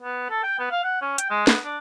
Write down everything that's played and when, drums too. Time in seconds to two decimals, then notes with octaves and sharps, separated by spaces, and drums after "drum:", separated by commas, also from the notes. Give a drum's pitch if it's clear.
0.03 B3
0.30 A4
0.43 G5
0.59 B3
0.71 F5
0.84 F#5
1.02 C#4
1.18 G5, drum: hi-hat
1.30 G#3
1.47 B3, drum: snare
1.64 D4